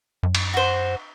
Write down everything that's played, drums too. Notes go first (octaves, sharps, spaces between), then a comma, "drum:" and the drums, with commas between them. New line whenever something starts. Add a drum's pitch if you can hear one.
F#2
drum: cymbal
F#4 C5